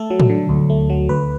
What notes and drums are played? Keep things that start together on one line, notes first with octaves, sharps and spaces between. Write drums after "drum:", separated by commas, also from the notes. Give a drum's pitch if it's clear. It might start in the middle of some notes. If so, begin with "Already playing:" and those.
Already playing: A3 A4
F#3
drum: tom A2
D3
D2
A3
F#3
D2 B4